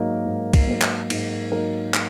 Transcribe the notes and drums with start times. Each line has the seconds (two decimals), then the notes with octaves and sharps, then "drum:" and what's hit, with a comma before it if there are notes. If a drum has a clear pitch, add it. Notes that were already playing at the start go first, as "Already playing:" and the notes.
Already playing: G#2 F#3 A#3 D#4 A#4
0.26 G#2
0.53 drum: kick, cymbal
0.67 F#3 A#3 D#4 A#4
0.82 drum: clap
1.10 G#2, drum: cymbal
1.52 F#3 A#3 D#4 A#4
1.94 drum: clap